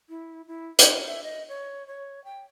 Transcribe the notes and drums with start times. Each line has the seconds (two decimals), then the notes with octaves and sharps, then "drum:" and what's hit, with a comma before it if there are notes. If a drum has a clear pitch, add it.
0.09 E4
0.47 E4
0.79 B4, drum: hi-hat
1.06 E5
1.23 D#5
1.49 C#5
1.87 C#5
2.24 G5